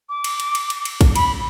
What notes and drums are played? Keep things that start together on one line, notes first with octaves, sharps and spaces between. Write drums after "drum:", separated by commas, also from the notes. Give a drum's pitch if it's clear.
D6
drum: cymbal
drum: cymbal
drum: cymbal
drum: cymbal
drum: cymbal
drum: kick, cymbal
B5, drum: cymbal